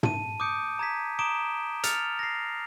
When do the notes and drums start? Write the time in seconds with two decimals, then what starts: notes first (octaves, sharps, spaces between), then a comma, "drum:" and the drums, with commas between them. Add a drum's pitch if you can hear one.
0.03 A5 D#7, drum: tom
0.40 D6 D#6 G6 C#7 D7
0.79 A#5 G#6 B6
1.19 A#5 D6 D#6 D7 E7 G7
1.84 F6 A6 C#7 F7, drum: hi-hat
2.19 A#6 C7